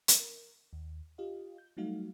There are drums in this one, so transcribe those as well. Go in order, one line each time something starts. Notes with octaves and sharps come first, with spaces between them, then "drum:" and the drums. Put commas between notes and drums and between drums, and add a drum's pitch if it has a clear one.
drum: hi-hat
A#4
D#2
F4 G4 D#5 F5
G6
F#3 G3 A3 D#4 F#4 F5